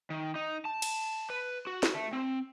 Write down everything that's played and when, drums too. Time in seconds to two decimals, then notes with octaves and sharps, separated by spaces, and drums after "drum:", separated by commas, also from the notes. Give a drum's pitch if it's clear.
0.10 D#3
0.35 D#4
0.65 A5
0.82 drum: cymbal
1.30 B4
1.67 F#4
1.83 drum: snare
1.94 A3
2.13 C4